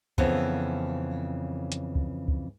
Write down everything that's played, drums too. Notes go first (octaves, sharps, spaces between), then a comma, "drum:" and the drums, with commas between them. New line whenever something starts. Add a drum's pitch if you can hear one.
F2 C#3 E3 B3 C4, drum: kick
drum: hi-hat
drum: kick
drum: kick